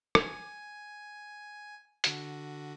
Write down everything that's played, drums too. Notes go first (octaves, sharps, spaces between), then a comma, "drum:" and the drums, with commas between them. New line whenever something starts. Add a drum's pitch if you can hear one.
G#5, drum: rim click
D3 F#4, drum: hi-hat